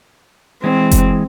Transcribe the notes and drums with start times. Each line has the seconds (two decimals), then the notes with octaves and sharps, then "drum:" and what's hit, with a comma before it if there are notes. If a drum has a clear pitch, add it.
0.64 E3 G#3 C4
0.91 drum: kick F#1, hi-hat